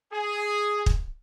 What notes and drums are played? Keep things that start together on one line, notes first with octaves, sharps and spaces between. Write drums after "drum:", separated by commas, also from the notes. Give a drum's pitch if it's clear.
G#4
drum: kick